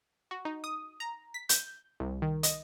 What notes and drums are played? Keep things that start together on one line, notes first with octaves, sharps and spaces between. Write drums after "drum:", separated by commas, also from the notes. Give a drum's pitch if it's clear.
F#4
D#4
D#6
A#5
B6
G6, drum: hi-hat
C2
D#3
D#5, drum: hi-hat